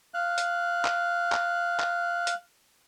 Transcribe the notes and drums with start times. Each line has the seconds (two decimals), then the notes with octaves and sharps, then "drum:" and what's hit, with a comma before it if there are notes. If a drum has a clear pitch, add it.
0.14 F5 F#6
0.38 drum: hi-hat
0.85 drum: clap
1.32 drum: clap
1.80 drum: clap
2.27 drum: hi-hat